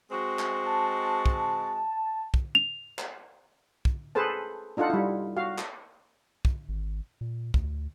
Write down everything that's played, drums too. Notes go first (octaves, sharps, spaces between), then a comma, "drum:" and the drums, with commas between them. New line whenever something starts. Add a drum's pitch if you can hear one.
G#3 C4 F#4
drum: clap
A5
drum: kick
drum: kick
F7
drum: clap
drum: kick
G#4 A4 B4 C5 A5
D4 D#4 F4 A4 F#5
G3 E4
F#4 F5
drum: clap
drum: kick
G#1
A#2
D2, drum: kick